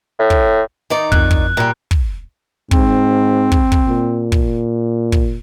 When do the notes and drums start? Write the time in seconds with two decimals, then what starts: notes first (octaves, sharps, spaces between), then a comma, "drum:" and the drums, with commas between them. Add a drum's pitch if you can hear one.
0.19 A2
0.30 drum: kick
0.90 D#3 D#4 D5
1.12 F2 E4 F#6, drum: kick
1.31 drum: kick
1.57 A#2 G3
1.91 drum: kick
2.71 G#2 C4, drum: kick
3.52 drum: kick
3.72 drum: kick
3.88 A#2
4.32 drum: kick
5.12 drum: kick